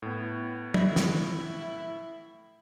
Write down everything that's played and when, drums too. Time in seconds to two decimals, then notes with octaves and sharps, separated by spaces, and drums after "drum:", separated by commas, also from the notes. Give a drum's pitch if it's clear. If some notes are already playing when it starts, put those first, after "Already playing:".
0.02 A2 B3
0.74 E4, drum: tom
0.96 drum: snare